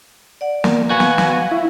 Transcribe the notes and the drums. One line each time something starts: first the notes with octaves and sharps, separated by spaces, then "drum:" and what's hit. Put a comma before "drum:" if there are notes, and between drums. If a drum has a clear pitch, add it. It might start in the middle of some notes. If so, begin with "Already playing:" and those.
D5 F#5
A#3, drum: snare
B3 F#4 F5 G#5
drum: snare
drum: snare
E4